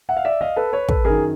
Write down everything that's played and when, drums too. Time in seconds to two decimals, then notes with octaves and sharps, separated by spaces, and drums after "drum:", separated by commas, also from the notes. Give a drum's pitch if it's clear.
0.09 E5 F#5
0.17 F5
0.25 D5 E5
0.41 D#5 F5
0.56 A4 B4
0.73 B4 C#5
0.89 A4 B4, drum: kick
1.05 F#2 D#3 G#4 A#4